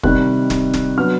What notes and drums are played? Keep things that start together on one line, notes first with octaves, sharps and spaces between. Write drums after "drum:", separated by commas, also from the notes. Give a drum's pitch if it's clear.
C3 D#3 G3 C4 D#4 F#6, drum: kick
drum: snare
drum: snare
F#3 B3 D4 F6